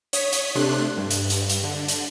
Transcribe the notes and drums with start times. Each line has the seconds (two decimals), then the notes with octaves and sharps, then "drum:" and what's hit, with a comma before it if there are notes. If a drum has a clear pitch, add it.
0.13 C#5 D#6 B6, drum: hi-hat
0.33 drum: hi-hat
0.55 C3 A3 D4 C6 F#6
0.97 G2
1.11 drum: hi-hat
1.30 drum: hi-hat
1.50 drum: hi-hat
1.63 D3
1.88 drum: hi-hat